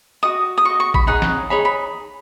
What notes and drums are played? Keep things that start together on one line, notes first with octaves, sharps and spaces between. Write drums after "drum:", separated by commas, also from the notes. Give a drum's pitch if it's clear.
F#4 D#5 D#6
D#6
F#4 D#5 C#6
C#6
B5, drum: kick A1
D#4 G#4 C#5 F#5
drum: snare
D#4 G#4 C#5 B5
B5